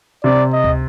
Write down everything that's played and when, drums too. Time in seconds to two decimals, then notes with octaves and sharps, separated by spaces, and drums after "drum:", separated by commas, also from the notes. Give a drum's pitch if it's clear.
0.24 C3 D5
0.52 D#5
0.64 drum: kick C#2